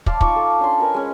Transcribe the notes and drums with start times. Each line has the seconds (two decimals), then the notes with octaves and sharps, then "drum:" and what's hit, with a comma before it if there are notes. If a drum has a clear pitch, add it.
0.06 D5 F5 A5 C6, drum: kick
0.21 D#4 F4 C#6 D6, drum: kick
0.36 A4
0.59 C#4 D4 C6
0.80 A#4 B4 D#5 G#5
0.94 G#3 C#4